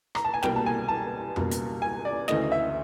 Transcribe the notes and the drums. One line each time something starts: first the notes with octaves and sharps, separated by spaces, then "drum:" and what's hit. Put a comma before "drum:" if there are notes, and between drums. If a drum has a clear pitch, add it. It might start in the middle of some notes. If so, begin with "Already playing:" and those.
A#5, drum: rim click
A5
G#5
C2 B2 G3 A#3 G5, drum: snare
A5
G#5
A5
C#2 B2 G3 A#3, drum: tom F2
drum: hi-hat
G#5
D5
D2 C#3 E3 A3 D#5, drum: snare
E5